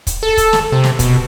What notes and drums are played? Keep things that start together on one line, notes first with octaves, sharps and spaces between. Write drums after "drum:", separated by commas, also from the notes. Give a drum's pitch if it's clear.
drum: kick, hi-hat
A4
drum: kick, hi-hat
drum: snare
C3
drum: snare
B2, drum: kick, hi-hat